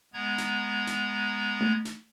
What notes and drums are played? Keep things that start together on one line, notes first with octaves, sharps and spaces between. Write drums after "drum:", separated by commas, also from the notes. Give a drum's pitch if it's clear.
G#3 B3 A#5 G#6
drum: snare
drum: snare
drum: tom A3
drum: snare